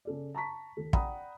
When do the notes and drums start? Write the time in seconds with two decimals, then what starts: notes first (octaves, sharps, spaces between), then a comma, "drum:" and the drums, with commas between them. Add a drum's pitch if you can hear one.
0.05 C#3 A4 D5
0.35 A5 A#5 C#6 B6
0.77 D#2 A4
0.93 D5 F#5 G5 A#5 B5 D#6, drum: kick